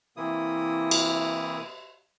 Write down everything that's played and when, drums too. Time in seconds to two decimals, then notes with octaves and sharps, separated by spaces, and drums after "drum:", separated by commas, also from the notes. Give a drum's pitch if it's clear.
0.17 C3 E3 A#3 E4 D#6
0.91 drum: cymbal